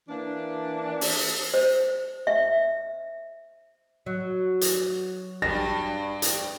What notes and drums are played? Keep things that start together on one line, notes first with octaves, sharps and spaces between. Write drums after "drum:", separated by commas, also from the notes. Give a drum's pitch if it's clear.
E3 A#3 D4
drum: open hi-hat
C5
E5
F#3
drum: hi-hat
G2 A#6
drum: hi-hat